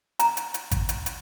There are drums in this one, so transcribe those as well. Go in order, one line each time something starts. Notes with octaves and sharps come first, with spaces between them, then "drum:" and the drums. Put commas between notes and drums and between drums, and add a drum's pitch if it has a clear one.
A#5, drum: hi-hat
drum: hi-hat
drum: hi-hat
drum: kick G#1, hi-hat
drum: hi-hat
drum: hi-hat